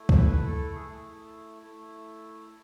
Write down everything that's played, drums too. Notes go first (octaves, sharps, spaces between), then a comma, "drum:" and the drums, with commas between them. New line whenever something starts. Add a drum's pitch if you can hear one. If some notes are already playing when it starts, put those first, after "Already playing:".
Already playing: A3 E4
A4, drum: kick C#2
B4
A4
A3 E4 G#4
A3 E4